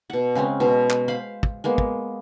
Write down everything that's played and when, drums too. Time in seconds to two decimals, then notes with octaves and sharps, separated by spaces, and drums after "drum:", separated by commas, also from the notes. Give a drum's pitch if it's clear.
0.10 B2 F#5
0.35 C#3 G#3 C4 C#4
0.60 B2 G#3
0.90 drum: clap
1.08 C5 F5 B5
1.43 drum: kick
1.64 G#3 A#3 B3
1.78 drum: kick